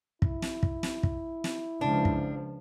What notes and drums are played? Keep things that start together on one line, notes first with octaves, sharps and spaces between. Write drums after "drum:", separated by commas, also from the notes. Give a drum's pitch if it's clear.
E4, drum: kick
drum: snare
drum: kick
drum: snare
drum: kick
drum: snare
C#2 F3 D4
drum: kick